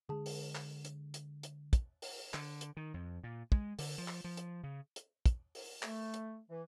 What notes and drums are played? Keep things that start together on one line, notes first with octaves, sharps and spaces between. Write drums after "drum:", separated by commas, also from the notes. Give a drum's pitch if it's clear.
D3 G#3 G#4 A5
drum: open hi-hat
drum: clap
drum: hi-hat
drum: hi-hat
drum: hi-hat
drum: kick, hi-hat
drum: open hi-hat
D3, drum: clap
drum: hi-hat
D#3
F2
A#2
G#3, drum: kick
D3, drum: open hi-hat
F3
drum: clap
F3
drum: hi-hat
C#3
drum: hi-hat
drum: kick, hi-hat
drum: open hi-hat
A3, drum: clap
drum: hi-hat
E3